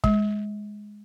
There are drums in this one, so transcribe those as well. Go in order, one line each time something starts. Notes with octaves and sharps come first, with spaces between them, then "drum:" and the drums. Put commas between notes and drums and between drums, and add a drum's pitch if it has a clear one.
G#3, drum: kick